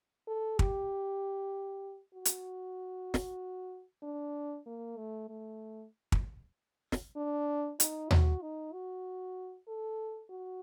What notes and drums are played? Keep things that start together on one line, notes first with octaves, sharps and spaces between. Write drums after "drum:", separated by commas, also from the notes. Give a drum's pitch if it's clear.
A4
G4, drum: kick
F#4
drum: hi-hat
drum: snare
D4
A#3
A3
A3
drum: kick
drum: snare
D4
D#4, drum: hi-hat
F#4, drum: tom D#2
D#4
F#4
A4
F#4